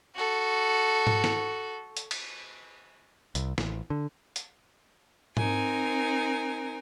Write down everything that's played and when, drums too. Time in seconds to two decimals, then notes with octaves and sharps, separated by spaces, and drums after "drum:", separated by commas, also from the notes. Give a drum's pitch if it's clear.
0.15 F#4 A4
1.07 drum: tom G#2
1.24 drum: snare
1.97 drum: hi-hat
2.11 drum: cymbal
3.35 C2, drum: hi-hat
3.58 A1, drum: snare
3.90 D3
4.36 drum: hi-hat
5.37 C4 D#4 A#4 G#5, drum: tom G#2